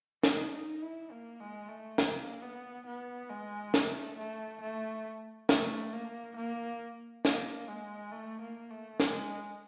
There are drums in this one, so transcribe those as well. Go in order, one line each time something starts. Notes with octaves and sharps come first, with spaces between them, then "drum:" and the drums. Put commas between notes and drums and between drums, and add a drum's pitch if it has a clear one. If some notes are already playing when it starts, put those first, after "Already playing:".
D#4, drum: snare
D#4
E4
A#3
G#3
A3
A#3, drum: snare
B3
B3
G#3
A3, drum: snare
A3
A3
A3, drum: snare
A#3
A#3
A#3, drum: snare
G#3
A3
A#3
A3
G#3, drum: snare